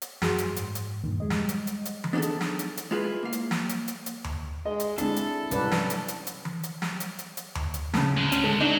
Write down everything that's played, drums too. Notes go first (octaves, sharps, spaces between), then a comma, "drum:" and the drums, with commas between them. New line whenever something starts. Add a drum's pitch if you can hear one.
drum: hi-hat
F#2 F#4 G#4 C6, drum: snare
drum: hi-hat
G#2, drum: hi-hat
drum: hi-hat
E2 G2 A#2 D#3
G3 G#3 D#5
drum: snare
drum: hi-hat
drum: hi-hat
drum: hi-hat
drum: tom E3
B3 D4 D#4 G#4 A4
drum: hi-hat
drum: snare
drum: hi-hat
drum: hi-hat
G#3 E4 F4 G#4 B4
A#3 F5
drum: hi-hat
drum: snare
drum: hi-hat
drum: hi-hat
drum: hi-hat
drum: tom D#2
G#3 D#5
drum: hi-hat
D3 G#3 C4 D4 E4 A4, drum: hi-hat
drum: hi-hat
C2 C#4 B4 D5, drum: hi-hat
drum: snare
drum: hi-hat
drum: hi-hat
drum: hi-hat
drum: tom E3
drum: hi-hat
drum: snare
drum: hi-hat
drum: hi-hat
drum: hi-hat
drum: tom D#2
drum: hi-hat
A2 C#3, drum: snare
D2
C#4, drum: hi-hat
G#3 A4
F#3 D4 D#4